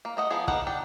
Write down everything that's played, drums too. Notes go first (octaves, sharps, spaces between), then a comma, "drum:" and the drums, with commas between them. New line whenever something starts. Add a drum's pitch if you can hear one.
A#3
A3 D#5 F#5
F3 B3 G#4
A#3 B3 D#4 A4 F#5, drum: kick
D4 G5